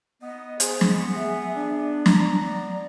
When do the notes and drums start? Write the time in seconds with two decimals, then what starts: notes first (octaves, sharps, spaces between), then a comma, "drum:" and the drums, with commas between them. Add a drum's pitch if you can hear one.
0.22 B3 D#5
0.60 G#4 C5, drum: hi-hat
0.81 drum: snare
1.15 G#4 E5
1.55 D4
2.06 A#5, drum: snare
2.44 D5